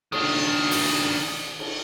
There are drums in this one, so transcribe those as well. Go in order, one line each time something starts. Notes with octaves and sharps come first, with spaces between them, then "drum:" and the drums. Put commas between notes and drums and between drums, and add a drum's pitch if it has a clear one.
D#3 D4, drum: cymbal
drum: open hi-hat
drum: cymbal